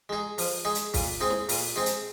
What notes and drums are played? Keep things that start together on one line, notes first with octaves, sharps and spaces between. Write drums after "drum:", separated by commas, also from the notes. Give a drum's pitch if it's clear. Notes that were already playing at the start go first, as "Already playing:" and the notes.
G#3 D#4 G#4
F3, drum: open hi-hat
G#3 D#4 G#4
drum: hi-hat
A#2, drum: kick, open hi-hat
G#3 C4 D#4 G#4
drum: snare
A#2, drum: open hi-hat
G#3 C4 D#4 G#4
drum: hi-hat